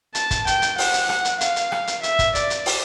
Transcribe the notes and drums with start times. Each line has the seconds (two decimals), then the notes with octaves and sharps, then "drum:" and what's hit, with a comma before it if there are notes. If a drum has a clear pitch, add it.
0.15 A5, drum: hi-hat
0.31 drum: kick, hi-hat
0.47 G5, drum: hi-hat
0.62 drum: hi-hat
0.78 F#5, drum: open hi-hat
0.93 drum: hi-hat
1.09 drum: rim click
1.25 drum: hi-hat
1.41 F5, drum: hi-hat
1.56 drum: hi-hat
1.72 drum: rim click
1.87 drum: hi-hat
2.03 E5, drum: hi-hat
2.19 drum: kick, hi-hat
2.35 D5, drum: hi-hat
2.50 drum: hi-hat
2.66 drum: open hi-hat